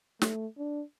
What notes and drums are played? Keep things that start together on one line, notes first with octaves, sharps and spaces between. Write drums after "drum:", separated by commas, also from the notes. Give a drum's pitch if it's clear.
A3, drum: snare
D4